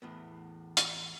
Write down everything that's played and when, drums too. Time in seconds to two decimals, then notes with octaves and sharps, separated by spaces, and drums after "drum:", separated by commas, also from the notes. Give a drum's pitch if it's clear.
0.02 E2 A2 B3
0.77 drum: hi-hat